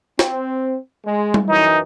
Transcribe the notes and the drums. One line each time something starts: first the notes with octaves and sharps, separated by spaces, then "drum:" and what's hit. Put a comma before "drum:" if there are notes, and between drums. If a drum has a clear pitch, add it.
C4, drum: snare
G#3
drum: tom G3
F#2 E3 D#4